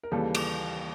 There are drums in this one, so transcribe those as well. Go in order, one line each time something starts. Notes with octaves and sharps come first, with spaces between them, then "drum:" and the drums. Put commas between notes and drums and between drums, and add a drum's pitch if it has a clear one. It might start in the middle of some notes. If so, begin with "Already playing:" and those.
A#4
D#2 C#3 E3 G3 A4
drum: cymbal